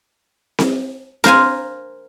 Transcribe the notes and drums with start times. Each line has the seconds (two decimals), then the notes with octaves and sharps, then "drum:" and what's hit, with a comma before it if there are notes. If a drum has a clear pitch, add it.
0.59 drum: snare C4
1.24 A#4 C5 F5 G#5, drum: snare C4